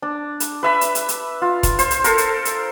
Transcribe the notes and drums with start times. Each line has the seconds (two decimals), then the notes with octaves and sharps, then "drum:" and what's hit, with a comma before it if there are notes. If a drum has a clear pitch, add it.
0.02 D4
0.40 drum: hi-hat
0.63 B4 E5 B5
0.81 drum: hi-hat
0.95 drum: hi-hat
1.09 drum: hi-hat
1.42 F4
1.63 drum: kick E1, hi-hat
1.79 C5, drum: hi-hat
1.91 drum: hi-hat
2.04 A4 A#4, drum: hi-hat
2.18 drum: hi-hat
2.45 drum: hi-hat